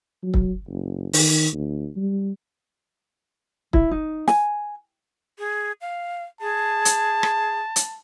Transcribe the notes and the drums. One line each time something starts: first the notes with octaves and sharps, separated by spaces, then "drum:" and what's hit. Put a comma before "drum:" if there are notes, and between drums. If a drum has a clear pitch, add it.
F#3
drum: kick
F#1
D#3, drum: open hi-hat
D2
G3
E4, drum: kick
D#4
G#5, drum: snare
G#4
F5
G#4 A5
drum: hi-hat
drum: rim click
drum: hi-hat